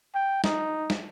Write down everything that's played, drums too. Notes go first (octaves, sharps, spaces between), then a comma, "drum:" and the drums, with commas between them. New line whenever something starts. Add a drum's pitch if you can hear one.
G5
D#4, drum: snare
drum: snare